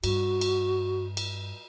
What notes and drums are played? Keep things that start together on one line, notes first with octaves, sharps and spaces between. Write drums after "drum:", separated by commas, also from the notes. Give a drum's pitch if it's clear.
G2 F#4, drum: cymbal
drum: cymbal
drum: cymbal